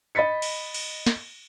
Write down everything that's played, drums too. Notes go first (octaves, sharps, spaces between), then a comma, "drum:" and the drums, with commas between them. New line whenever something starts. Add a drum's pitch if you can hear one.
D#5 B5 A6 B6 C#7
drum: cymbal
drum: cymbal
drum: snare